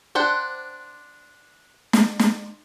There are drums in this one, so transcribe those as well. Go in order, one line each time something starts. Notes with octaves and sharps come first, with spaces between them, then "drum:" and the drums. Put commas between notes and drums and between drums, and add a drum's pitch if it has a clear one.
D4 C5 F#5 G5
drum: snare
drum: snare